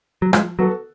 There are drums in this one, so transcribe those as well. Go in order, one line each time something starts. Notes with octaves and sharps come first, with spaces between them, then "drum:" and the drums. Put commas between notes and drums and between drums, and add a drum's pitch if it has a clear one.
F#3
F3 G#3, drum: rim click
F#3 B3 F#4 A4